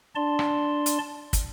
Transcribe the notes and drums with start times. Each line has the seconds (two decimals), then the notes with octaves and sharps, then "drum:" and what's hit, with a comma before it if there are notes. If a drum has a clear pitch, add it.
0.15 D4 D5 A5 C6
0.39 drum: rim click
0.86 drum: hi-hat
1.33 drum: kick, hi-hat